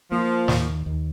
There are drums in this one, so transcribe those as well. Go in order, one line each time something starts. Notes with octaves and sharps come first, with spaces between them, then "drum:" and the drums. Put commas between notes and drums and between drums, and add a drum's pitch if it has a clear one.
F3 A#3
D#2, drum: snare
D#2